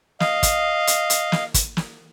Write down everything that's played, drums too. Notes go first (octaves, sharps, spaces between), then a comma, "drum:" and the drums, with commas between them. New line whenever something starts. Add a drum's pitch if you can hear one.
D#5 F5, drum: snare
drum: kick, hi-hat
drum: hi-hat
drum: hi-hat
drum: snare
drum: kick, hi-hat
drum: snare